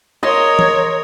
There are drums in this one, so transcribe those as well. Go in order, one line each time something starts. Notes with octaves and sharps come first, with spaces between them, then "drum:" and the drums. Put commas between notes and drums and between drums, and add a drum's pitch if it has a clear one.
A#4 C#5 D#5 C6
drum: tom E3